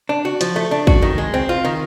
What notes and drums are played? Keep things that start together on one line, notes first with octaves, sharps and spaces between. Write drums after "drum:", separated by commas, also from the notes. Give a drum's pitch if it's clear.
D4
F#4
F3, drum: hi-hat
A3
D4
F#4, drum: kick
D#3
G#3
C4
F4
D#3